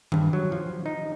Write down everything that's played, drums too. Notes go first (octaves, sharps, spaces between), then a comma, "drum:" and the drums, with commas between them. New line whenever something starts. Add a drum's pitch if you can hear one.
G2, drum: tom D#3
F#3
F3
D#4